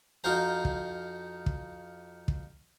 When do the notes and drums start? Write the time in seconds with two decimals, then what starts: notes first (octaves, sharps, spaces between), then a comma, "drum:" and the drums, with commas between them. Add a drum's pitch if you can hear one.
0.24 F2 D#4 F4 F#4 C5 A#5
0.65 drum: kick
1.46 drum: kick
2.28 drum: kick